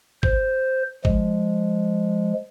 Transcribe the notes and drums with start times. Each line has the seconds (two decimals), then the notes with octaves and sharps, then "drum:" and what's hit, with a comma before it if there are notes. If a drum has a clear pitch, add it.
0.23 C5, drum: kick
1.05 F3 G#3, drum: kick